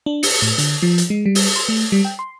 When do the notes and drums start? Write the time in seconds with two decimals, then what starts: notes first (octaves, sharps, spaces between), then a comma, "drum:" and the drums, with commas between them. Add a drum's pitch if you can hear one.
0.06 D4
0.23 C#7, drum: open hi-hat
0.42 A2
0.58 D3, drum: hi-hat
0.83 F3
0.98 drum: hi-hat
1.10 G#3
1.26 G3
1.35 drum: open hi-hat
1.56 C6
1.69 A3
1.92 G3
2.05 G5
2.19 C6